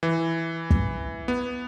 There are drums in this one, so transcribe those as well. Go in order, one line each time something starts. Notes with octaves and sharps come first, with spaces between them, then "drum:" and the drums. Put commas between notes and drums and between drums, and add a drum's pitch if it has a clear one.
E3
drum: kick
B3